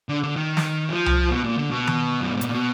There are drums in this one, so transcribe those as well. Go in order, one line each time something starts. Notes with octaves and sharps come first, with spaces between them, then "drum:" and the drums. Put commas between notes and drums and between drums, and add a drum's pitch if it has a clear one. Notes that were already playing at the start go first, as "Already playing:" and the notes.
D3
D3
D#3
drum: snare
F3
drum: tom C2
B2
A#2
D3
B2
drum: tom D#3
F#2
G#2
A#2, drum: hi-hat
B2